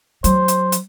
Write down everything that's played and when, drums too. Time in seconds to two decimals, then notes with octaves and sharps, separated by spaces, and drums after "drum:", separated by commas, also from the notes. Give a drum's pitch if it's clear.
0.24 F#3 C5, drum: hi-hat
0.48 drum: hi-hat
0.72 drum: hi-hat